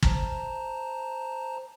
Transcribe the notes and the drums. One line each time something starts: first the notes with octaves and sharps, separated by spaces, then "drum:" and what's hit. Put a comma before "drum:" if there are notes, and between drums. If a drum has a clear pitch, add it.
C5 A5 A#5, drum: kick